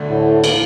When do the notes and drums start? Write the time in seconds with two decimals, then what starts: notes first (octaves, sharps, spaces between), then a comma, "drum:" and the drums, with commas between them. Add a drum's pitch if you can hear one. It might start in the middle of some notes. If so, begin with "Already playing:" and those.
Already playing: D2 D3 A3 D4
0.08 A2
0.44 E3 A#3, drum: cymbal